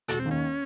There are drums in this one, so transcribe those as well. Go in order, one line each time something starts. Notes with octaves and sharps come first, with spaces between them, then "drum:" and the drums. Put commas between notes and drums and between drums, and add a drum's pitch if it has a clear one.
E1 F#4 A4, drum: hi-hat
C4
D#2 D#3
C#4